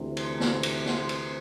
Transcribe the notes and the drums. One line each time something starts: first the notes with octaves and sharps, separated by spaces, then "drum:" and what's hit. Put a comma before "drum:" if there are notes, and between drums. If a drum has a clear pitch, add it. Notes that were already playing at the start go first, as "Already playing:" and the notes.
Already playing: D2 C3 E3
C5, drum: cymbal
drum: snare
drum: cymbal
C5, drum: snare
drum: cymbal